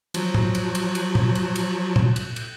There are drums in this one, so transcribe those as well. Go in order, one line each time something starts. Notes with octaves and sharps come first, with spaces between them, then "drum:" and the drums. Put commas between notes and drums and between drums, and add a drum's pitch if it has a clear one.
F3 F#3, drum: cymbal
drum: tom A2
drum: cymbal
drum: cymbal
drum: cymbal
drum: tom
drum: cymbal
drum: cymbal
drum: tom
drum: cymbal
drum: cymbal